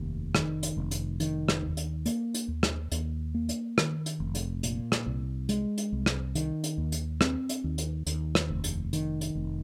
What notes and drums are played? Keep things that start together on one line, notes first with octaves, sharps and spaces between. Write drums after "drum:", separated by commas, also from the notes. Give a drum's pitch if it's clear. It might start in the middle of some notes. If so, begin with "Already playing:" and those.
Already playing: F1 D#2
D#3, drum: rim click
drum: hi-hat
F1
drum: hi-hat
D#3, drum: hi-hat
drum: rim click
D#2
drum: hi-hat
A#3, drum: hi-hat
drum: hi-hat
D#2
drum: rim click
D#2, drum: hi-hat
A#3
drum: hi-hat
D#3, drum: rim click
drum: hi-hat
F1
drum: hi-hat
A#2, drum: hi-hat
drum: rim click
C2
G#3, drum: hi-hat
drum: hi-hat
C2
drum: rim click
D#3, drum: hi-hat
drum: hi-hat
D#2
drum: hi-hat
C4, drum: rim click
drum: hi-hat
D#2
drum: hi-hat
D#2, drum: hi-hat
drum: rim click
F1
drum: hi-hat
D#3, drum: hi-hat
drum: hi-hat
F1